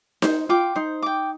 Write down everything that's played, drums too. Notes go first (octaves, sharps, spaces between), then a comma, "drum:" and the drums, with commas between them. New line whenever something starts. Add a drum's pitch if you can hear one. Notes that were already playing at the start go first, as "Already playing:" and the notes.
D#4 C5, drum: snare D#4
F4 G5 D6
D#4 C5
G5 D6